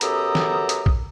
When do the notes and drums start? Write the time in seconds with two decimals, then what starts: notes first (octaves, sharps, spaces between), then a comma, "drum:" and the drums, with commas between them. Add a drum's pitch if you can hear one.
0.01 F#2 B3 G4 A4 A#5 D#6, drum: hi-hat
0.35 drum: snare
0.69 drum: hi-hat
0.86 drum: kick